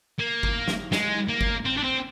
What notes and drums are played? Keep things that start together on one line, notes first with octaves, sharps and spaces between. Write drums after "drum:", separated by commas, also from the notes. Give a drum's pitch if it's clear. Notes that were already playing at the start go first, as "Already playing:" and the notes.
A#3
drum: kick G1
drum: snare
G#3, drum: snare
A#3
drum: kick G1
C4
D4
C4